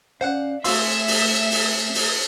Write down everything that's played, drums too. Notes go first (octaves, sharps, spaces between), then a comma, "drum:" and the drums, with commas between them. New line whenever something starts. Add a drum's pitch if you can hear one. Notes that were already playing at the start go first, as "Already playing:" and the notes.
C#4 C5 D5 F5 F#5 F#6
A3 C4 F#4 G#4 E5 F5 C6 E6, drum: open hi-hat
drum: open hi-hat
drum: open hi-hat
drum: open hi-hat